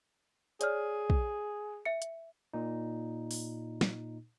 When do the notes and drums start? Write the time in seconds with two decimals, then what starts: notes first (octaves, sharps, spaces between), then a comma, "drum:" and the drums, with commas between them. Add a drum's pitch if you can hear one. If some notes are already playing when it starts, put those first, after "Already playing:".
0.61 G#4 C#5 D5 F6, drum: hi-hat
1.10 drum: kick
1.85 E5 C#7
2.02 drum: hi-hat
2.54 A#2 D#4
3.31 drum: open hi-hat
3.81 drum: snare